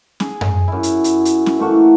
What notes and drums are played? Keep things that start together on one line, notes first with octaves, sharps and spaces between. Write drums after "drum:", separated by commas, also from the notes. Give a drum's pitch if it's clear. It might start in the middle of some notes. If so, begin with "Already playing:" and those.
G#4, drum: snare C#4
drum: tom F#2
F#2 E4
drum: hi-hat
drum: hi-hat
drum: hi-hat
drum: snare C#4
E3 A3 A#3 F#4